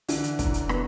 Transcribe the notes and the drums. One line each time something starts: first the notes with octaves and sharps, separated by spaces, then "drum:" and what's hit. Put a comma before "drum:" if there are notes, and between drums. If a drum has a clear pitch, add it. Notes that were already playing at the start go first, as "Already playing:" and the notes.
D3 E3, drum: open hi-hat
drum: hi-hat
F#2, drum: kick, hi-hat
drum: hi-hat
B3, drum: rim click